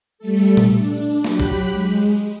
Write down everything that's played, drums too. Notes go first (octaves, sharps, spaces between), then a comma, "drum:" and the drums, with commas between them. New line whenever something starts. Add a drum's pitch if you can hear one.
G3 A3 A4
drum: tom A#2
D4
F#3 G4 B5 F#6, drum: snare
drum: kick
G#3